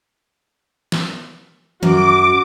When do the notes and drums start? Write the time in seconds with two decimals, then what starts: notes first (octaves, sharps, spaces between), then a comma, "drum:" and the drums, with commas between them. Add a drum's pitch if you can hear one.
0.92 drum: snare
1.83 F#2 F#4 D6, drum: tom D#3